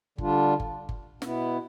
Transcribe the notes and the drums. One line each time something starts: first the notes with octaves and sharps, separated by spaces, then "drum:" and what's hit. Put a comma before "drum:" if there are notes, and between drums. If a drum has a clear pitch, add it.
D3 G3 D4 F4, drum: kick G1
drum: kick G1
drum: kick G1
B2 B3 E4, drum: snare